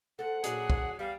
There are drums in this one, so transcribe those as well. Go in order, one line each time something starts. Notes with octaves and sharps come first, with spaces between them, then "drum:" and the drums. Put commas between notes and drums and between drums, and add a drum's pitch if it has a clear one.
A4 C5 F#5
A#2 F#3 D4 D#4 F#4 G#4, drum: hi-hat
drum: kick
E2 G3 G4 E5 F5